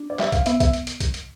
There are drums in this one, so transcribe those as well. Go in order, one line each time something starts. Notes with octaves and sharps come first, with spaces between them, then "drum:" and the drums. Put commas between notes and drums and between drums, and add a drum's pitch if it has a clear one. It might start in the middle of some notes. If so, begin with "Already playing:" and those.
Already playing: D4
D5
G3 E5, drum: clap
F5, drum: kick B1, hi-hat
B3 E5, drum: hi-hat
E5, drum: kick B1, hi-hat
drum: hi-hat
drum: hi-hat
drum: kick B1, hi-hat
drum: hi-hat